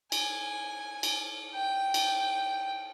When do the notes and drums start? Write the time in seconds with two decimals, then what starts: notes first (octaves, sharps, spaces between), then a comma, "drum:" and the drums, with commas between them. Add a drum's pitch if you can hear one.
0.12 G#5, drum: cymbal
1.03 drum: cymbal
1.55 G5
1.94 drum: cymbal